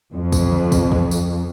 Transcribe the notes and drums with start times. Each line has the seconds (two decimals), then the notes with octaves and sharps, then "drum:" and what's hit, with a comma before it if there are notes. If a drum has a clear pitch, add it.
0.13 F2
0.32 drum: kick, tambourine
0.52 drum: tom C#3
0.72 drum: kick, tambourine
0.92 drum: kick
1.11 drum: tambourine